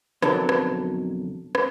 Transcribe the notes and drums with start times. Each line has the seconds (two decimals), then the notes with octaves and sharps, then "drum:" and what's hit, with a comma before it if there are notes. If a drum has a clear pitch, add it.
0.22 B1 F2 D3 F#3 A4 A#4, drum: rim click
0.49 drum: rim click
1.55 drum: rim click